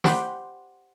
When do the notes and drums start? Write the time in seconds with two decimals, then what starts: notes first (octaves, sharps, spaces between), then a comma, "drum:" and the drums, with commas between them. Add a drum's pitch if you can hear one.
0.04 G4 C5 F#5 B5 C6 D6, drum: snare